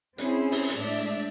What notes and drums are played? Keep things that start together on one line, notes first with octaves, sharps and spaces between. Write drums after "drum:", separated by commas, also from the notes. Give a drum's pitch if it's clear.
C4 C#4 E4 G#4 C5, drum: hi-hat
drum: open hi-hat
drum: hi-hat
A2 G#3 D4 D5 E5